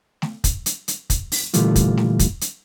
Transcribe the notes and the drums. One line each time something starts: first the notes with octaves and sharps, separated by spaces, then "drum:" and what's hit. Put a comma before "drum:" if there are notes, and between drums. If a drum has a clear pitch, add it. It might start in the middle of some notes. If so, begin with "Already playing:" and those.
drum: snare A3
drum: kick, hi-hat
drum: hi-hat
drum: hi-hat
drum: kick, hi-hat
drum: open hi-hat
A#2 D3 E3 G3 A3 F4, drum: hi-hat
drum: kick, hi-hat
drum: snare A3
drum: kick, hi-hat
drum: hi-hat